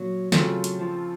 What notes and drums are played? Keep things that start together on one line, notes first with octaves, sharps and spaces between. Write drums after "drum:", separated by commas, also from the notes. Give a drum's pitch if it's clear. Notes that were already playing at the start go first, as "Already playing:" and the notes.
Already playing: A#2 F#3
C#3 F#3 A3 C4 F4 A4, drum: snare
drum: hi-hat
F3